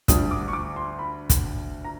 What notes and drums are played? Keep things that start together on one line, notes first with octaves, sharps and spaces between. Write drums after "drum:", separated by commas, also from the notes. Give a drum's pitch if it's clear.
D2 D3 G3 D#6, drum: kick, hi-hat
D6
C#6
D6
C6
B5
drum: kick, hi-hat
A#5